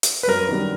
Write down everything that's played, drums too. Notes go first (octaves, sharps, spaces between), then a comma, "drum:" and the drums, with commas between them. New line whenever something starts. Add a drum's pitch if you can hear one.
drum: hi-hat
B4
F#2 A#4
D#3 G3 B3 D4